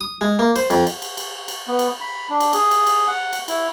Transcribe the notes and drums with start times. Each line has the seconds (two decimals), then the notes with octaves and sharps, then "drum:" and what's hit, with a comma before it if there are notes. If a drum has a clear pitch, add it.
0.01 D#6
0.21 G#3
0.39 A#3
0.56 C5, drum: cymbal
0.70 F2, drum: cymbal
0.87 drum: cymbal
1.02 drum: cymbal
1.17 drum: cymbal
1.48 drum: cymbal
1.68 B3
1.79 drum: cymbal
2.01 B5
2.30 D4
2.40 drum: cymbal
2.53 G#4, drum: cymbal
2.71 drum: cymbal
2.87 drum: cymbal
3.08 F#5
3.33 drum: cymbal
3.48 E4, drum: cymbal